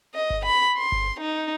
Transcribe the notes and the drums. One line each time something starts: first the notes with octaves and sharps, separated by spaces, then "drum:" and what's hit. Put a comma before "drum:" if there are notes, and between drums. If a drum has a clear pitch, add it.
D#5
drum: kick G1
B5
C6
drum: kick G1
D#4